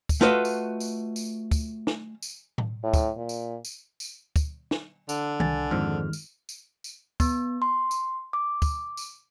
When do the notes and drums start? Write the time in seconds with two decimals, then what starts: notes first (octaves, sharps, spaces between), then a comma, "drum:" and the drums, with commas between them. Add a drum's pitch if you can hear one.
0.09 drum: kick, tambourine
0.21 A3 F4 F#4 B4 D#5
0.45 drum: tambourine
0.80 drum: tambourine
1.16 drum: tambourine
1.51 drum: kick, tambourine
1.87 drum: snare
2.23 drum: tambourine
2.58 drum: tom A2
2.83 A2
2.94 drum: kick, tambourine
3.17 A#2
3.29 drum: tambourine
3.65 drum: tambourine
4.00 drum: tambourine
4.36 drum: kick, tambourine
4.71 drum: snare
5.09 D3, drum: tambourine
5.40 C2 G#5 A6, drum: tom D#3
5.71 F2 G#2 D#3 G#3 F6
6.13 drum: tambourine
6.49 drum: tambourine
6.84 drum: tambourine
7.20 B3, drum: kick, tambourine
7.62 C6
7.91 drum: tambourine
8.33 D6
8.62 drum: kick, tambourine
8.97 drum: tambourine